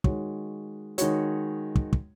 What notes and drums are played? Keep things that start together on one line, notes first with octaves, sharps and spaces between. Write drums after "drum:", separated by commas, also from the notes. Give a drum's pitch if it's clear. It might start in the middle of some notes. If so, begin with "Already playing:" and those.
D#3 G#3 F#4 C#5, drum: kick
D#3 G#3 F#4 C#5, drum: hi-hat
drum: kick
drum: kick